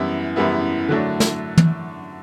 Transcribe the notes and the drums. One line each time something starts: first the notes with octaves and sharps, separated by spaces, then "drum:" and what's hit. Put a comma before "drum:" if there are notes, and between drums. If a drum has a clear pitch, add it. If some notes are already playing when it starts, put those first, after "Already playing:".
Already playing: F#2 E3 G3 B3 E4
F#2 E3 G3 B3 E4
D3 F#3 A3 D4
drum: snare
drum: tom